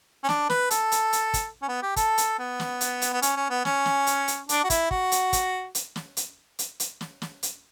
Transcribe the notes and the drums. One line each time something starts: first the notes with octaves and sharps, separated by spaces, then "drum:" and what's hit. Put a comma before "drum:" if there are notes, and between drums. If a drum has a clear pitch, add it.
C#4
D4, drum: snare
B4, drum: snare
A4, drum: hi-hat
drum: hi-hat
drum: hi-hat
drum: kick, hi-hat
C#4
B3
G4
A4, drum: kick, hi-hat
drum: hi-hat
B3
drum: snare
drum: hi-hat
drum: hi-hat
B3
C#4, drum: hi-hat
C#4
B3
C#4, drum: snare
drum: snare
drum: hi-hat
drum: hi-hat
D4, drum: hi-hat
F#4
E4, drum: kick, hi-hat
F#4, drum: kick
drum: hi-hat
drum: kick, hi-hat
drum: hi-hat
drum: snare
drum: hi-hat
drum: hi-hat
drum: hi-hat
drum: snare
drum: snare
drum: hi-hat